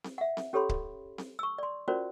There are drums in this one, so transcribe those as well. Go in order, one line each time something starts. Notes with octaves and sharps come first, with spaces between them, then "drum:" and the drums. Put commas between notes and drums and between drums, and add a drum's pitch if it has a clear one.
drum: snare C4
E5 F#5
drum: snare C4
C#4 G4 A4 C#5 B5 C6
drum: kick C#1
drum: snare C4
C#6 E6
D5 C6
C#4 F4 F#4 A#4 C5 D5